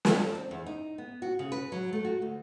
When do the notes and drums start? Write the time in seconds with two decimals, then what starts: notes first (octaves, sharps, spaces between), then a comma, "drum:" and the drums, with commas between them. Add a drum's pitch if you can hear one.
0.05 drum: snare
0.19 A5
0.35 C4
0.51 E2
0.66 D#4
0.98 B3
1.22 F#4
1.39 C#3
1.52 B4
1.72 F#3
1.93 A3
2.05 F#4
2.22 D2